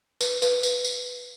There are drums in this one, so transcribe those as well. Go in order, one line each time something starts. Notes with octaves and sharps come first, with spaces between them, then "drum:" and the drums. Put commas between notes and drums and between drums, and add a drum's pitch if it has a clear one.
B4, drum: tambourine
B4, drum: tambourine
drum: tambourine
drum: tambourine